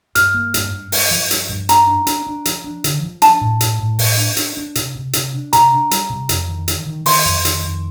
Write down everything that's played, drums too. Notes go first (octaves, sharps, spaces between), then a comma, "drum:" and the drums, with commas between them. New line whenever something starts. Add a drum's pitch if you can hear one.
G2 F6, drum: hi-hat
A#3
G2, drum: hi-hat
G2
G2, drum: open hi-hat
F3
G2, drum: hi-hat
G2
D4 A#5, drum: hi-hat
D4
D4, drum: hi-hat
D4
F3, drum: hi-hat
D4
D3, drum: hi-hat
F3
D4 A5, drum: hi-hat
A2
A2, drum: hi-hat
A2
A2, drum: open hi-hat
D4
D4, drum: hi-hat
D4
C3, drum: hi-hat
C3
C3, drum: hi-hat
D4
C3 A#5, drum: hi-hat
D4
G3, drum: hi-hat
C3
F2, drum: hi-hat
D#3
D#3, drum: hi-hat
D#3
D#3 C6, drum: open hi-hat
F2
D#3, drum: hi-hat
F2